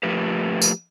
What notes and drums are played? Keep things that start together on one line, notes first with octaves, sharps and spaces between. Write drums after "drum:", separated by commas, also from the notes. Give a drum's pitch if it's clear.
F3 A3 A#3 G4 B4
drum: tambourine